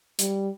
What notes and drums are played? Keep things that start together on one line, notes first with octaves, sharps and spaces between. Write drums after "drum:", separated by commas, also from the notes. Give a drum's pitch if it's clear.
G3, drum: hi-hat